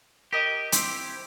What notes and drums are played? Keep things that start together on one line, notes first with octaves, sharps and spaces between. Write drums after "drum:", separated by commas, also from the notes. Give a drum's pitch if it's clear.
G4 A#4 D#5 D#6
C4 E4 D6, drum: hi-hat